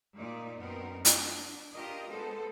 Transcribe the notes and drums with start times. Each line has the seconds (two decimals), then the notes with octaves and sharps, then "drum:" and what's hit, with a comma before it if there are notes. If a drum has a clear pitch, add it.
0.14 A#2 D#4 D5
0.58 F#2 B3 C4 D#4 A#4
1.05 D4, drum: hi-hat
1.74 D4 F4 G4 A#4 D#5
2.07 G#3 B3 A4 C5